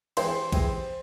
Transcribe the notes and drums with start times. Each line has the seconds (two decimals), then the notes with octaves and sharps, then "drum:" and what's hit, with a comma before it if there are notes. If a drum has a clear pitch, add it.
0.17 E3 G#3 C4 E4 G4 C5 C6, drum: cymbal
0.52 E3 G#3 C4 E4 G4, drum: kick A#1, cymbal